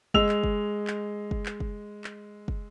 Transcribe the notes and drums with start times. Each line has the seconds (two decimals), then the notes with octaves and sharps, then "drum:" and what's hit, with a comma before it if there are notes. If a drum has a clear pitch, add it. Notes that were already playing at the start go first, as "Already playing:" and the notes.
0.14 G#3 E6 F7, drum: kick
0.29 drum: clap
0.44 drum: kick
0.87 drum: clap
1.31 drum: kick
1.46 drum: clap
1.60 drum: kick
2.04 drum: clap
2.48 drum: kick